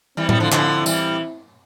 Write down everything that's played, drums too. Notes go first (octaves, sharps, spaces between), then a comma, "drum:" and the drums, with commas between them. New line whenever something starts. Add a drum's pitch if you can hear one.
E3 G3 C4 E4
G3 B3, drum: tom A2
D3 F3
D3 F3, drum: clap
E3 G3, drum: tambourine